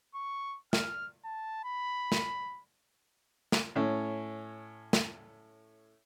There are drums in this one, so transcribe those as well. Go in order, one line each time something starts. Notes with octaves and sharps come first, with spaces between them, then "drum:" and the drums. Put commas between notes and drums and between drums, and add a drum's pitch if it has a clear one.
C#6
F6, drum: snare
A5
B5
drum: snare
drum: snare
A2 C#4
drum: snare